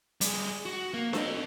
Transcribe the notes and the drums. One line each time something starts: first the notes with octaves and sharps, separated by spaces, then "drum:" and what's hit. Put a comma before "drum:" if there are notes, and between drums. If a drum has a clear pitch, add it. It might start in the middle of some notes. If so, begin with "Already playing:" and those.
G3 G#4, drum: hi-hat
F#4
A#3
A4 D#5, drum: snare D4